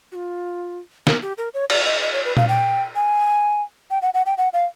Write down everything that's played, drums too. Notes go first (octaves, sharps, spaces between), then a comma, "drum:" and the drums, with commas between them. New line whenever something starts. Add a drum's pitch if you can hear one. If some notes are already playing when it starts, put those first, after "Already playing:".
F#4
F4
A#4, drum: snare
G4
A#4
C#5
D5, drum: cymbal
D#5
D#5
C#5
B4
F5, drum: tom A#2
G5
G#5
G5
F#5
F#5
G5
F#5
F5